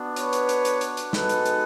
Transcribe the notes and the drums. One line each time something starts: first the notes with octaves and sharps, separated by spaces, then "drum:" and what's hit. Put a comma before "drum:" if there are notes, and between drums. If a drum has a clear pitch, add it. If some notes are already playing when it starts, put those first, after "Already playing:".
Already playing: B3 D4 F#4
B4 C#5, drum: hi-hat
drum: hi-hat
drum: hi-hat
drum: hi-hat
drum: hi-hat
drum: hi-hat
G#3 B3 D#4 F#4 A4 B4, drum: snare
drum: hi-hat
drum: hi-hat